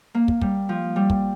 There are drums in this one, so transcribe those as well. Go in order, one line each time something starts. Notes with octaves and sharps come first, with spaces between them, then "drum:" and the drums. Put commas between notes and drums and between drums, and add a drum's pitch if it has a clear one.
A#3
drum: kick
G3, drum: kick
F3
G3
drum: kick